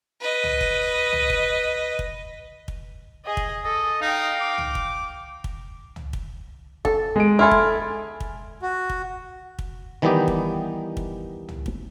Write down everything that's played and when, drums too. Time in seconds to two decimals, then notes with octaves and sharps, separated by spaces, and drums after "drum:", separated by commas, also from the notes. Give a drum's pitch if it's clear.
0.20 B4 D#5
0.43 drum: tom
0.61 drum: kick
1.13 drum: tom
1.30 drum: kick
1.99 drum: kick
2.68 drum: kick
3.25 G#4 D#5
3.37 drum: kick
3.65 A4 D#5
4.02 D#4 F5 G5
4.41 D6
4.58 drum: tom
4.75 drum: kick
5.44 drum: kick
5.96 drum: tom
6.13 drum: kick
6.85 A4, drum: kick
7.16 G#3 D7
7.39 E4 A4 G#5 C6 F6
7.51 drum: kick
8.20 drum: kick
8.62 F#4
8.90 drum: kick
9.59 drum: kick
10.02 D#3 E3 G3 B3 D#4 G4
10.28 drum: kick
10.97 drum: kick
11.49 drum: tom
11.66 drum: kick